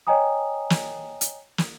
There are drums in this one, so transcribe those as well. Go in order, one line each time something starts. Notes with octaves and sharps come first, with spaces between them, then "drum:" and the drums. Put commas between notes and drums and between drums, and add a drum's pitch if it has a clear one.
C#5 D#5 G5 G#5 A#5 D#6
drum: snare
drum: hi-hat
drum: snare